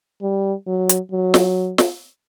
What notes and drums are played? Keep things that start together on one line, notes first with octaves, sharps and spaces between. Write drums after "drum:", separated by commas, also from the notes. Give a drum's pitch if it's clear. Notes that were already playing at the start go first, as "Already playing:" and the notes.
G3
F#3
drum: hi-hat
F#3
drum: snare
drum: snare